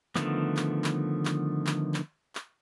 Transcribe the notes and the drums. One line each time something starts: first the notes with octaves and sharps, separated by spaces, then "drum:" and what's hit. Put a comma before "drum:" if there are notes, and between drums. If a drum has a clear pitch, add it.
D3 D#3 F3 A3 B3, drum: clap
drum: clap
drum: clap
drum: clap
drum: clap
drum: clap
drum: clap